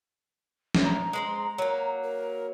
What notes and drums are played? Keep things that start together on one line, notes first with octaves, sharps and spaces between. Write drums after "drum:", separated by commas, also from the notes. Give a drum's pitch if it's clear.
drum: snare
A#5
G#3 B3 C4
F#3 A#3
A#4